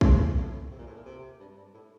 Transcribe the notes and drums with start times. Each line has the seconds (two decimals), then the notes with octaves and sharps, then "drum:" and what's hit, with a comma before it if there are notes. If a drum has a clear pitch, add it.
0.01 A2, drum: kick
0.36 A2
0.71 C3
0.78 A#2
0.86 A2
0.95 A#2
1.05 C3
1.40 G2
1.57 G2
1.74 A2